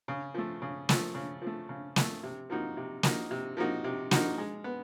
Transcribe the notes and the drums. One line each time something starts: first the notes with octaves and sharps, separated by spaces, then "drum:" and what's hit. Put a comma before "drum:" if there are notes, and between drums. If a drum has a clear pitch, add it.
C#3
F3 A3
C#3
F3 A3, drum: snare
C#3
F3
A3
C#3
F3 A3, drum: snare
C3
F3 A#3 D#4 F#4
C3
F3 A#3 D#4 F#4, drum: snare
C3
F3 A#3 D#4 F#4
C3
F3 A#3 D#4 F#4, drum: snare
G#3
B3